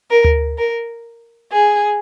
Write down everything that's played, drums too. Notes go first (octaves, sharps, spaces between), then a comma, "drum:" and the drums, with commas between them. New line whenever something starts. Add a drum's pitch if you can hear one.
A#4
drum: tom D2
A#4
G#4